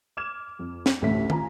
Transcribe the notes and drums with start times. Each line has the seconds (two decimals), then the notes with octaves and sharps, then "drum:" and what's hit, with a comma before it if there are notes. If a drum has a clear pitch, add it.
0.17 D6 F6 G#6 E7
0.59 F2
0.86 drum: snare
1.02 A1 D2 A3 E5 B6
1.30 F4 G#5 A#5, drum: tom